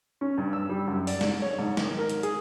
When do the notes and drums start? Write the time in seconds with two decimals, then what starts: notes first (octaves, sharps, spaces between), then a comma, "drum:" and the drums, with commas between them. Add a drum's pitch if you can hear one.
0.21 C#4
0.38 G2
0.53 E6
0.69 G3
0.87 F#2
1.07 D5, drum: open hi-hat
1.21 G#2, drum: snare
1.42 C#5
1.59 G#2
1.77 D#3, drum: snare
1.98 A#4
2.09 drum: hi-hat
2.23 G#4, drum: hi-hat